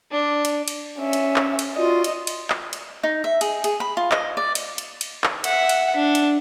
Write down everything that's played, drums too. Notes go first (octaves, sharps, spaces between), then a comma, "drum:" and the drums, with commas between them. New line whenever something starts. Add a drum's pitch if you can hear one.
D4
drum: cymbal
drum: cymbal
C#4 E5
drum: cymbal
drum: clap
drum: cymbal
F4 F#4 D5 D#5
drum: cymbal
drum: cymbal
drum: clap
drum: cymbal
D#4
E5
G#4, drum: cymbal
G#4, drum: cymbal
B5
F4
D#5, drum: clap
D5
drum: cymbal
drum: cymbal
drum: cymbal
drum: clap
E5 F#5, drum: cymbal
drum: cymbal
D4
drum: cymbal